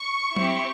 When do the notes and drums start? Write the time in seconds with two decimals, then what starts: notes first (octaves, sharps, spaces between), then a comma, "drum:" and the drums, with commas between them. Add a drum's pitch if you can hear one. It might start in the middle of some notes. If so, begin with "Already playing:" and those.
Already playing: C#6
0.36 C4 E4 G4, drum: tom F#3